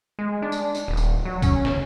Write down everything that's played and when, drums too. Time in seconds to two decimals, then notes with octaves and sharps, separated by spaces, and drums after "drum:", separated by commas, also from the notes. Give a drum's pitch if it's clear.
0.19 G#3
0.42 D4
0.52 drum: tambourine
0.75 drum: tambourine
0.88 D#1
0.97 drum: tambourine
1.25 F#3
1.42 C#4, drum: kick, tambourine
1.65 drum: snare